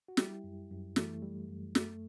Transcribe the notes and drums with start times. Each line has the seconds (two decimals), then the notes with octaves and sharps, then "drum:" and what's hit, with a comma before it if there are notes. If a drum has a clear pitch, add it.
0.08 F#4
0.17 G3 E4 G4, drum: snare
0.44 F#2
0.71 F#2
0.96 E3 A3, drum: snare
1.22 G3
1.49 F#2
1.75 A3, drum: snare